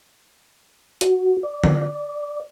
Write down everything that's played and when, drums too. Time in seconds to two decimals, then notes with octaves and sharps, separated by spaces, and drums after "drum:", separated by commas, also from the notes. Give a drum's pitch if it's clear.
1.01 F#4, drum: hi-hat
1.43 D5
1.64 drum: tom D3